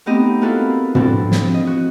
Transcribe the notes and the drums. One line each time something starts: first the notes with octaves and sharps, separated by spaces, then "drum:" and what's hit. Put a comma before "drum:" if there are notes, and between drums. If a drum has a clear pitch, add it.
A3 B3 C4 D#4 G4 D#5
A#3 E4 F#4 A4 B4 F5
F3 C4 D4 E4 F#4 A4, drum: tom
drum: snare
D#5
F#4